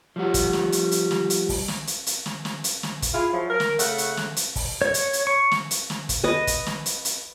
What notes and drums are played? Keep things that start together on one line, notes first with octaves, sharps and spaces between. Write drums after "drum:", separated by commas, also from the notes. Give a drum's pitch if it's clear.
F3 G3 F#4
drum: kick, hi-hat
drum: snare
drum: hi-hat
drum: hi-hat
drum: snare
drum: hi-hat
drum: kick, open hi-hat
drum: snare
drum: hi-hat
drum: hi-hat
drum: snare
drum: snare
drum: hi-hat
drum: snare
drum: kick, hi-hat
E4 F4 G#4
F3 F#3
A#4
drum: snare
C#3 A3 F#5, drum: hi-hat
drum: hi-hat
drum: snare
drum: hi-hat
drum: kick, open hi-hat
C#5
drum: hi-hat
drum: hi-hat
C#6
drum: snare
drum: hi-hat
drum: snare
drum: kick, hi-hat
B4 D#5
drum: kick, hi-hat
drum: snare
drum: hi-hat
drum: hi-hat